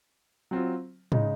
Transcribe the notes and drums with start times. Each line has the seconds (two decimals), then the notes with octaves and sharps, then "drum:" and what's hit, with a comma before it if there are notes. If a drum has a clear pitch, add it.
0.51 F#3 C4 F4
1.12 C#3 G#3 D#4, drum: tom G#2